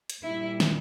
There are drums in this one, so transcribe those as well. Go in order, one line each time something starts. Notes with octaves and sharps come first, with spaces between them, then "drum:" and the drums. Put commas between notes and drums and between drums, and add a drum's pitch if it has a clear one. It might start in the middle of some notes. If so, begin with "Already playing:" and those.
drum: hi-hat
A#2 G3 E4
drum: snare